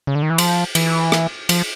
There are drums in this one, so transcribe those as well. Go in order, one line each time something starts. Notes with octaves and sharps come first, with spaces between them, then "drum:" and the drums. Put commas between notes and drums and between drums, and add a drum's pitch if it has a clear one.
C#3
D3
D#3
E3
F3, drum: cymbal
E3, drum: cymbal
drum: rim click
F3, drum: cymbal